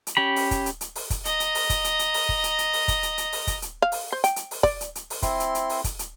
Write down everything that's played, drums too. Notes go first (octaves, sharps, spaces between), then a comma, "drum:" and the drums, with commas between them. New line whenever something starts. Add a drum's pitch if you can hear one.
drum: hi-hat
C#4 G4 B5
drum: open hi-hat
drum: kick, hi-hat
drum: hi-hat
drum: hi-hat
drum: open hi-hat
drum: kick, hi-hat
D#5 A#5, drum: hi-hat
drum: hi-hat
drum: open hi-hat
drum: kick, hi-hat
drum: hi-hat
drum: hi-hat
drum: open hi-hat
drum: kick
drum: hi-hat
drum: hi-hat
drum: open hi-hat
drum: kick, hi-hat
drum: hi-hat
drum: hi-hat
drum: open hi-hat
drum: kick, hi-hat
drum: hi-hat
F5
drum: open hi-hat
C5
G5, drum: hi-hat
drum: hi-hat
drum: open hi-hat
D5, drum: kick
drum: hi-hat
drum: hi-hat
drum: open hi-hat
C4 E4 C6, drum: kick, hi-hat
drum: hi-hat
drum: hi-hat
drum: open hi-hat
drum: kick, hi-hat
drum: hi-hat